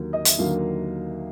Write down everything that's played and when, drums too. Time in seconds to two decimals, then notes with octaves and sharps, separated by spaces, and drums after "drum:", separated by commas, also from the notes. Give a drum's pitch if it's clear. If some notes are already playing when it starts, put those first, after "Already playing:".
Already playing: D#2 D3 F#3 A#3
0.13 D#5
0.25 E5, drum: hi-hat
0.38 D#2 D3 F#3 A#3 F5